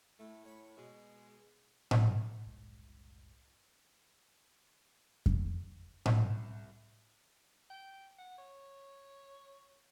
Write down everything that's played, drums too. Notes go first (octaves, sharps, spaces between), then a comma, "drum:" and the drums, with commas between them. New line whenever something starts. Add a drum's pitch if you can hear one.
A2 A3
C#5 B5
B2 G#3
drum: tom A2
F#1 C2 A2 G#3
drum: kick F2
C2, drum: tom A2
G5
F#5
C#5